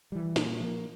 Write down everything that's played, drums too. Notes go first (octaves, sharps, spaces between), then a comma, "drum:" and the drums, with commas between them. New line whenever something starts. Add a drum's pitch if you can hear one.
E3 G3
A#2, drum: snare
F3 A#3